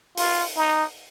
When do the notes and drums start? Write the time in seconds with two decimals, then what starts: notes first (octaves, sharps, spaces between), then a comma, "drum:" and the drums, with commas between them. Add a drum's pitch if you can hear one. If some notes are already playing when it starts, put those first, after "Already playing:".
0.17 F4, drum: open hi-hat
0.56 D#4